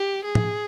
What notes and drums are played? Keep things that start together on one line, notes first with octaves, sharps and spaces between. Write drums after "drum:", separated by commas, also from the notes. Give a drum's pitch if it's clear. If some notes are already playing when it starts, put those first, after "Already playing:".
Already playing: G4
G#4
drum: tom A2